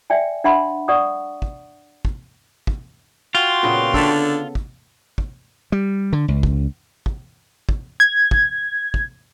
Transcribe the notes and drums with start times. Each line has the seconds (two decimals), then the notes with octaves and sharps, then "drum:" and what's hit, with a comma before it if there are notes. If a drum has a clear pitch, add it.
0.10 D5 E5 G5 G#5
0.44 D4 E5 F#5 B5 C6
0.88 D5 F#5 C#6 D#6
1.42 drum: kick
2.05 drum: kick
2.67 drum: kick
3.35 F4 F#4 G5 C6
3.63 A#2 C#3 B3
3.94 D3 A4 E5, drum: kick
4.55 drum: kick
5.18 drum: kick
5.72 G3
6.13 D3
6.28 C#2
6.43 drum: kick
7.06 drum: kick
7.69 drum: kick
8.00 G#6
8.31 drum: kick
8.94 drum: kick